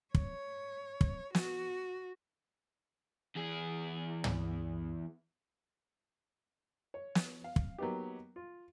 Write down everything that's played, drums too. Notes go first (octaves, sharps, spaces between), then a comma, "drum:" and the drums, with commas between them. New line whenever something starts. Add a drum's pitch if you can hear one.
C#5, drum: kick
drum: kick
F#4, drum: snare
E2 G#4
drum: tom
C#5
drum: snare
F5
drum: kick
F#3 A#3 B3 D#4 G4
F4